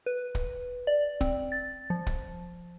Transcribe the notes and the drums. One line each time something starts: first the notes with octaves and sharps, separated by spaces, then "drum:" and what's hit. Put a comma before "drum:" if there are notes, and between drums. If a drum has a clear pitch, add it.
B4
drum: kick
D5
C4, drum: kick
A6
F3
drum: kick